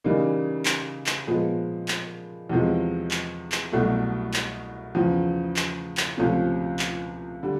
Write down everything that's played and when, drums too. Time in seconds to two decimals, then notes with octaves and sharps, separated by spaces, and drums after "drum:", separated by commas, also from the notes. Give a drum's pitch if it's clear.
0.04 C#3 E3 G3 A#3 D#4
0.66 drum: clap
1.06 drum: clap
1.27 A#2 F3 G#3 B3
1.88 drum: clap
2.50 E2 C3 F3 G#3
3.11 drum: clap
3.52 drum: clap
3.72 C2 B2 F#3 A3
4.34 drum: clap
4.95 E2 C#3 F3
5.56 drum: clap
5.97 drum: clap
6.18 C#2 C3 F3 A3 C#4
6.79 drum: clap
7.43 D3 G3